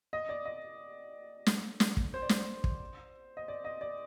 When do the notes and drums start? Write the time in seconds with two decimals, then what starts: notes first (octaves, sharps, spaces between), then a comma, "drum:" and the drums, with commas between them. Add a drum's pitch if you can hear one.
0.13 D#5
0.29 D5
0.46 D#5
1.46 drum: snare
1.80 drum: snare
1.97 drum: kick
2.14 C5
2.22 D5
2.29 C5, drum: snare
2.64 drum: kick
3.37 D#5
3.48 D5
3.64 D#5
3.81 D5